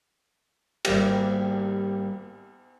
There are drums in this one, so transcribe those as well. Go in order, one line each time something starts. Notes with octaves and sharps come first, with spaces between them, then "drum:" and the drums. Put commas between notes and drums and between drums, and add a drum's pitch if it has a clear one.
G#1 G3 A#3 G4, drum: cymbal